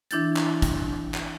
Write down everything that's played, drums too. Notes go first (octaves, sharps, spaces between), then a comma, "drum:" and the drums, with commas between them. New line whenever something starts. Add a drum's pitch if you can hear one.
E3 D4 E4 G6 A6, drum: hi-hat
drum: clap
drum: kick, hi-hat
drum: clap